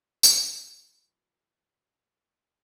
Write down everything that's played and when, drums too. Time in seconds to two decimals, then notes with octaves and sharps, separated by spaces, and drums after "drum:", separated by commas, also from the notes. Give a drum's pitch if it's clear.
0.23 E3 F#3 G#3, drum: tambourine